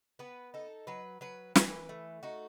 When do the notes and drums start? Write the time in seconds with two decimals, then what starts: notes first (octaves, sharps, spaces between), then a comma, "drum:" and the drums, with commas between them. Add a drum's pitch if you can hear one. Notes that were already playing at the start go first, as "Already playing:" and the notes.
0.19 B3 B4
0.54 D#4 A4
0.87 F#3 B4
1.21 F#3 B4
1.55 E3 B4, drum: snare
1.89 A3
2.23 D#4 F#4